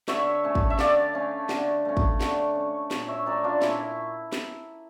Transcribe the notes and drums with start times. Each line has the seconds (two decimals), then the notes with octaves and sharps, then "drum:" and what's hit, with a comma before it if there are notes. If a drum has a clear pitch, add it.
0.08 D3 C#5 E5, drum: snare
0.44 A3 C#4
0.55 drum: kick
0.70 E5
0.79 D3 D5 F5, drum: snare
1.14 A3 C#4
1.49 D3, drum: snare
1.85 A3 C#4
1.97 drum: kick
2.20 D3, drum: snare
2.55 A3 C#4
2.91 A#2, drum: snare
3.08 C#5 E5
3.26 A3 C#4 A#4 D5
3.44 D4 F4
3.62 A#2 C#4 E4, drum: snare
4.32 drum: snare